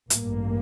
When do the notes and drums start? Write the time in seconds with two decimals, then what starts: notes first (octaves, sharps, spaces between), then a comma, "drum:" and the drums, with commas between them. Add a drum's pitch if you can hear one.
0.10 A1 G2 A#3, drum: hi-hat